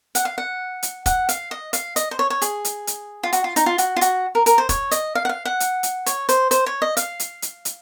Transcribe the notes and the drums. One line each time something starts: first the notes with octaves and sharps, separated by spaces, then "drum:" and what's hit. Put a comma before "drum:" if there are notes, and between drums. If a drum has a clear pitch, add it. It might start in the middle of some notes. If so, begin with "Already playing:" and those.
F#5, drum: hi-hat
F5
F#5
drum: hi-hat
F#5, drum: kick E1, hi-hat
F5, drum: hi-hat
D#5
F5, drum: hi-hat
D#5, drum: hi-hat
C5
C#5
C#5
G#4, drum: hi-hat
drum: hi-hat
drum: hi-hat
F4
F#4, drum: hi-hat
F4
D#4, drum: hi-hat
F4
F#4, drum: hi-hat
F4
F#4, drum: hi-hat
A#4
A#4, drum: hi-hat
C5
C#5, drum: kick E1, hi-hat
D#5, drum: hi-hat
F5
F#5
F5
F#5
drum: hi-hat
drum: hi-hat
C#5, drum: hi-hat
C5, drum: hi-hat
C5, drum: hi-hat
C#5
D#5
F5, drum: hi-hat
drum: hi-hat
drum: hi-hat
drum: hi-hat